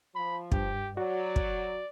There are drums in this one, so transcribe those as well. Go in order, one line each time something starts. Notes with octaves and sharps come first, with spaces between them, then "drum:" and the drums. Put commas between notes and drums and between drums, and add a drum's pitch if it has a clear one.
F3 B5
G2 G4, drum: kick
F#3 F#4 D5
drum: kick